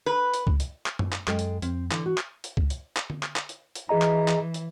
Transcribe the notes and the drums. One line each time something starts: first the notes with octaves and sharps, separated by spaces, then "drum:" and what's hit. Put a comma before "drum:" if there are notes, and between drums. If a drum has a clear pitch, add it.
B4
drum: hi-hat
drum: kick
drum: hi-hat
drum: clap
drum: tom F#2
drum: clap
F#2 G#3 A4 G5, drum: clap
drum: hi-hat
F2 C4, drum: hi-hat
D3 E3, drum: clap
F#4
drum: clap
drum: hi-hat
drum: kick
drum: hi-hat
drum: clap
drum: tom D3
drum: clap
drum: clap
drum: hi-hat
drum: hi-hat
E3 G#4 D#5 A#5
drum: clap
drum: clap
drum: hi-hat